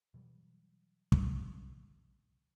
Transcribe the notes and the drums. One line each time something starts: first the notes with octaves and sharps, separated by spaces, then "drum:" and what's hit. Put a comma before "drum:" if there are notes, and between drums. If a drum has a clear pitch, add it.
B2 E3 F#3 G3
drum: kick